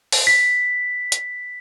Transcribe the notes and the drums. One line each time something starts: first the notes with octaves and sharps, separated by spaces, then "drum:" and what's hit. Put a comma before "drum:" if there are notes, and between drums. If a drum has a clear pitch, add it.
drum: open hi-hat
B6
drum: hi-hat